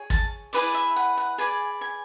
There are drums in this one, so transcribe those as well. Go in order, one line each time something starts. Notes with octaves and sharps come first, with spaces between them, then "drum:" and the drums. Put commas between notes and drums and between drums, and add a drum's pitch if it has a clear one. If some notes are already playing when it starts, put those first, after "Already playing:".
Already playing: G#4 C#5
A5, drum: kick
E4 G#4 B4 D5, drum: open hi-hat
E5
F#5
F#5
G#4 B4 D5 G#5
G#5